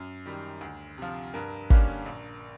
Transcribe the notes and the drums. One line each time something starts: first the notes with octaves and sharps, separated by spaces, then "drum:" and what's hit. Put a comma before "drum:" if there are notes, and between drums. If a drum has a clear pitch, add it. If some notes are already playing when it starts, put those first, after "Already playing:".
Already playing: F#2
D#3 G3
D2
C3 F3
G2 A#4
D3 G3 A#3 C#4, drum: kick
A#1